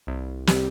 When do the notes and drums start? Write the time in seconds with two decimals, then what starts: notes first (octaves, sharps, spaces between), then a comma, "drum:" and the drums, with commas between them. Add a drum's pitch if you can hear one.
0.07 C2
0.47 C3 G3, drum: snare